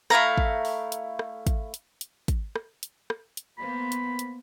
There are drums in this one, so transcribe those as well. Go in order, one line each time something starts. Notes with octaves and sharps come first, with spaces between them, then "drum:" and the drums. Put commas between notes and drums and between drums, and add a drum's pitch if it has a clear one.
A3 E4 F5 A#5, drum: rim click
drum: kick
drum: open hi-hat
drum: hi-hat
drum: rim click
drum: kick, hi-hat
drum: hi-hat
drum: hi-hat
drum: kick, hi-hat
drum: rim click
drum: hi-hat
drum: rim click
drum: hi-hat
A#3 B3 C5 B5
drum: hi-hat
drum: hi-hat